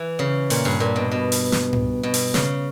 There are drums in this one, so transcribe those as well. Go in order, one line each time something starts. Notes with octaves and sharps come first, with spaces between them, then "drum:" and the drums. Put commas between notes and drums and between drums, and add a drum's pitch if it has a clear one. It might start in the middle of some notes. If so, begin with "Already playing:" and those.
Already playing: E3
C#3
A#2, drum: open hi-hat
G2
A#2
B2
B2
drum: open hi-hat
drum: snare
drum: tom G#2
B2
drum: open hi-hat
C#3, drum: snare